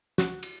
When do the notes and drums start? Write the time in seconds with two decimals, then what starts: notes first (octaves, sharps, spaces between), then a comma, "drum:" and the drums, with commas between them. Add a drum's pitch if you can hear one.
0.18 F#4, drum: snare
0.43 drum: cymbal